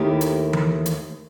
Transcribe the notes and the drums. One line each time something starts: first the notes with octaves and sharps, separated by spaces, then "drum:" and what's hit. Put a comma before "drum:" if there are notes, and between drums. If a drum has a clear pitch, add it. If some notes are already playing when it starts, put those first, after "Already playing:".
Already playing: D#2 D#3 A3 E4 G4
drum: hi-hat
drum: tom E3
drum: hi-hat